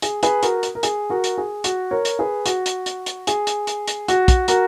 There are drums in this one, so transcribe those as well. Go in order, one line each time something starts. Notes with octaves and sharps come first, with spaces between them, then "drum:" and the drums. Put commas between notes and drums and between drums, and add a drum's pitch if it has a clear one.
G#4, drum: hi-hat
G#4 B4, drum: hi-hat
F#4 A#4, drum: hi-hat
drum: hi-hat
A#4
G#4, drum: hi-hat
F#4 A#4
drum: hi-hat
G#4
F#4, drum: hi-hat
A#4 C#5
drum: hi-hat
G#4 B4
F#4, drum: hi-hat
drum: hi-hat
drum: hi-hat
drum: hi-hat
G#4, drum: hi-hat
drum: hi-hat
drum: hi-hat
drum: hi-hat
F#4, drum: hi-hat
drum: kick, hi-hat
F#4 A#4, drum: hi-hat